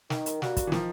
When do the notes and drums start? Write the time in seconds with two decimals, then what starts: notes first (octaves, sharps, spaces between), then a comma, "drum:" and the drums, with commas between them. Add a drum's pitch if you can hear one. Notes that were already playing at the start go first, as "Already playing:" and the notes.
0.10 D#3, drum: snare
0.26 drum: hi-hat
0.42 G3 A#3 D4 F#4, drum: snare
0.57 drum: kick, hi-hat
0.67 E3
0.72 D#3 F3, drum: snare